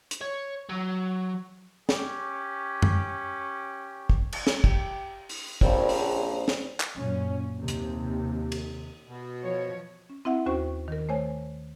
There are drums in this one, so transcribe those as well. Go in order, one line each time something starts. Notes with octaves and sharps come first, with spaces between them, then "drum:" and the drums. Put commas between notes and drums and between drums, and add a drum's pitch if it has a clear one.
drum: hi-hat
C#5
F#3
C#4 G4, drum: snare
drum: tom F2
drum: kick
drum: cymbal
drum: snare
G4, drum: kick
drum: open hi-hat
A#1 C#3 G3 C4 C#5, drum: kick
drum: open hi-hat
drum: snare
drum: clap
F#2 A#2 C#4
D#2 C3
drum: hi-hat
drum: cymbal
B2
F3 C#5
C#4
C4 E4 E5 F#5
D#2 C#4 F#4 C5 G5 C#6
D#3 A#4
A3 C5 C#5 G#5